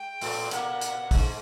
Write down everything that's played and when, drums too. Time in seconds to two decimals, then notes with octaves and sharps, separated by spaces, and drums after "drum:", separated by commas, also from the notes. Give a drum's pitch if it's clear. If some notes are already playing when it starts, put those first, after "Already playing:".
Already playing: G#3 G5
0.21 A2 A3, drum: open hi-hat
0.51 A#2 A#3 F#5, drum: hi-hat
0.81 drum: hi-hat
1.11 G#2 G#3, drum: kick, open hi-hat